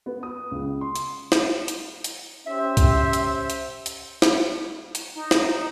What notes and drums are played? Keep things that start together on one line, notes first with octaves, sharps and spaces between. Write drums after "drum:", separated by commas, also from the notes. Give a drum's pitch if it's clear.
B3
D#6
C#2
C6
drum: hi-hat
drum: snare
drum: hi-hat
drum: hi-hat
C#4 G4 C5 E5
drum: kick C2, hi-hat
drum: hi-hat
drum: hi-hat
drum: hi-hat
drum: snare
drum: hi-hat
D#4
drum: snare